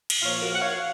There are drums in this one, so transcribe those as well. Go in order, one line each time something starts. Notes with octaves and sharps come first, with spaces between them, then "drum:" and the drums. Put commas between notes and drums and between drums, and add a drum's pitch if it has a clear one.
drum: cymbal
A#2 F3 A#3 C#5 F5
F#4 A#4
F#5
C#5 F5